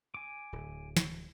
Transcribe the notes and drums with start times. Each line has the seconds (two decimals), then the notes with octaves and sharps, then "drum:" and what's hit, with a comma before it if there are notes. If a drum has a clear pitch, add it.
0.14 G#5 D6
0.52 D1
0.97 drum: snare